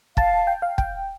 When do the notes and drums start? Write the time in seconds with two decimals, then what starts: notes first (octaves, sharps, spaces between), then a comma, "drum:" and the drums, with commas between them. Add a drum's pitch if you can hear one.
0.17 F5 A5, drum: kick
0.47 G5
0.62 F5
0.78 G5, drum: kick